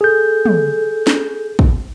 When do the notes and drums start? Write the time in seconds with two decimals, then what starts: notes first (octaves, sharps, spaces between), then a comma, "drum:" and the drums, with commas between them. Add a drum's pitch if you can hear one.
0.01 G#4 A4 G6
0.45 drum: tom
1.07 drum: snare
1.59 drum: kick